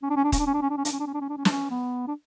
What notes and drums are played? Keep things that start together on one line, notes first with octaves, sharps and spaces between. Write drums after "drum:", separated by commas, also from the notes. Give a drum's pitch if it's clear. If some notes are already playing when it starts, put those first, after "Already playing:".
C#4
D4
C#4
D4
C#4, drum: kick D#1, hi-hat
D4
C#4
D4
C#4
D4
C#4
D4, drum: hi-hat
C#4
D4
C#4
D4
C#4
D4
C#4
D4, drum: snare
C#4
B3
D4